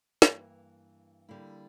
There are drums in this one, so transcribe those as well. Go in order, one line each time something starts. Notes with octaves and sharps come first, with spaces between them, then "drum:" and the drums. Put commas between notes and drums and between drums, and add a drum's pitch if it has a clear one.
G2 E3 A#3, drum: snare
D3 G3 A#3 E4